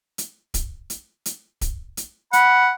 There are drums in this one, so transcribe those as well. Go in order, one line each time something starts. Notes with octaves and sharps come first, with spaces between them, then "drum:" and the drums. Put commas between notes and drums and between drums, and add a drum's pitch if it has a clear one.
drum: hi-hat
drum: kick, hi-hat
drum: hi-hat
drum: hi-hat
drum: kick, hi-hat
drum: hi-hat
F#5 B5, drum: hi-hat